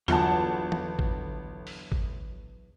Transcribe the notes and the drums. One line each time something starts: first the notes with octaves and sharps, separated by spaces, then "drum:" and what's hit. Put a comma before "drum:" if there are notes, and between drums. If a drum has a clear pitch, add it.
G1 E2 F#3 F4 F#5 A5, drum: hi-hat
drum: tom
drum: kick G#1
drum: open hi-hat
drum: kick G#1